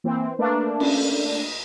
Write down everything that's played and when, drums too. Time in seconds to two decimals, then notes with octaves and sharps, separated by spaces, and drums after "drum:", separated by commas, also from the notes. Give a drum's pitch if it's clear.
0.04 E3 A#3 C4
0.39 A3 A#3 D4 B4
0.80 C#4, drum: cymbal
1.43 D#5